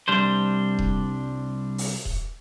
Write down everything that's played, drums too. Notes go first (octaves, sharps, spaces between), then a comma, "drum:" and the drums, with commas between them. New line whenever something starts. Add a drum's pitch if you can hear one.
C2 G3 D4 C5
drum: kick D#1
drum: open hi-hat
drum: kick D#1